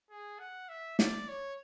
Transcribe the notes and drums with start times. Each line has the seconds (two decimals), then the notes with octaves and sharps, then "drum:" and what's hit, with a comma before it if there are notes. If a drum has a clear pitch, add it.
0.10 G#4
0.39 F#5
0.69 E5
0.99 D5, drum: snare
1.28 C#5